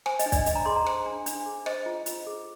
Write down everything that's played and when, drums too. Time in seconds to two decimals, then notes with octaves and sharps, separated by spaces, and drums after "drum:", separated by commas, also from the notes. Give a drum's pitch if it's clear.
0.06 C5 G#5, drum: rim click
0.19 D#5, drum: hi-hat
0.26 D4
0.32 D5, drum: kick, hi-hat
0.46 D4 D#5, drum: hi-hat
0.55 A#5
0.66 G#4 C6
0.76 A#5
0.86 C5, drum: rim click
1.06 D4
1.26 D4, drum: hi-hat
1.46 G#4
1.66 C5 D#5, drum: rim click
1.86 F4
2.06 F4, drum: hi-hat
2.26 G#4